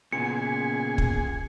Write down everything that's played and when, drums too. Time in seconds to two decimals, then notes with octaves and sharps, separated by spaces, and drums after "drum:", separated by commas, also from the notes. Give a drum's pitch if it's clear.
0.12 A#2 C#3 B3 G#4 C#7
0.98 drum: kick